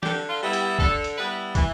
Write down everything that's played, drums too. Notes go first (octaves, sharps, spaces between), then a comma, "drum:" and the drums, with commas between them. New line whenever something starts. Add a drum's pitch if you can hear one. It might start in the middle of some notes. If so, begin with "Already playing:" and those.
D3 G4, drum: snare
F4
G3 B3 E4
G4, drum: hi-hat
D3 A4, drum: kick
drum: hi-hat
G3 B3 E4 B4
E3, drum: kick, hi-hat